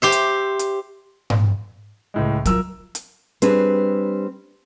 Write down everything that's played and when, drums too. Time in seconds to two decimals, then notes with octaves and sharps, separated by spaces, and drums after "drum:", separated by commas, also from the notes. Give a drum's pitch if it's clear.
0.02 G4 C5 E5
0.12 drum: hi-hat
0.59 drum: hi-hat
1.30 drum: tom G#2
2.14 C#2 A2 G#3
2.45 F#3 F4 A#4 E6, drum: hi-hat
2.95 drum: hi-hat
3.42 G3 C4 D4 G#4 B4, drum: hi-hat